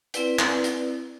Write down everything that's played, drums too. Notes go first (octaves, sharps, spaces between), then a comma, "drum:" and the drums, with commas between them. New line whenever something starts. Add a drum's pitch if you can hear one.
C4 E4 B4 D5, drum: hi-hat
drum: clap
drum: hi-hat